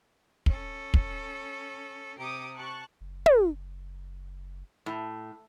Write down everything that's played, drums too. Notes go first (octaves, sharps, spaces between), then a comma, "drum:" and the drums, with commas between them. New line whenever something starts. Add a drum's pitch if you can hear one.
C#4 A4, drum: kick
drum: kick
C3 G4 A#5 D6 D#6
A5 C#6 F#6
F#1
drum: tom
A2